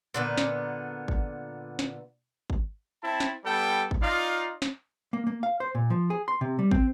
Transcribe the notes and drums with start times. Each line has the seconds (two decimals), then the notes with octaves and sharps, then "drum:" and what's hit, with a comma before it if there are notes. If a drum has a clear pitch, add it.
0.14 A#2 D3 B3
0.37 drum: snare
1.08 drum: kick
1.79 drum: snare
2.50 drum: kick
3.03 C4 E4 A5
3.20 drum: snare
3.45 G3 B3 A4 G5
3.91 drum: kick
4.02 D#4 F4 D5 F5
4.62 drum: snare
5.13 A#3
5.27 A#3
5.43 F5
5.60 C5
5.75 A#2
5.90 F3
6.10 G#4
6.28 C6
6.41 C3
6.59 G3
6.71 C4, drum: kick